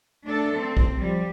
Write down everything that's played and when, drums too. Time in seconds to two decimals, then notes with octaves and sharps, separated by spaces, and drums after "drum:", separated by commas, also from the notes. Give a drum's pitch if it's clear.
0.24 A3 D4 A4
0.57 C4
0.77 drum: kick
0.98 F3 G3